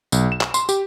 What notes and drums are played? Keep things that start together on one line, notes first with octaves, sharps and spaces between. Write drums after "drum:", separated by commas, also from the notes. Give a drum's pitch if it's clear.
B1, drum: tambourine
E7
drum: clap
C6, drum: tambourine
G4, drum: tambourine